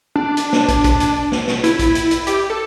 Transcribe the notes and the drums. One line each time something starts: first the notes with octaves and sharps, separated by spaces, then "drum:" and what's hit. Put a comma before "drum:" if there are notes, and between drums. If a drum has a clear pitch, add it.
D4
drum: hi-hat
drum: snare
drum: kick, hi-hat
drum: kick, hi-hat
drum: hi-hat
drum: snare
drum: snare
E4, drum: hi-hat
drum: kick, hi-hat
drum: hi-hat
drum: hi-hat
G4, drum: hi-hat
A4